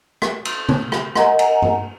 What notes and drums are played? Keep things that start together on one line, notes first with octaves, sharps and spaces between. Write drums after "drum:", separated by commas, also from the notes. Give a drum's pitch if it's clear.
drum: rim click
drum: cymbal
drum: tom C#3
drum: rim click
A#4 D#5 F#5 G#5 A#5, drum: rim click
drum: cymbal
drum: tom G2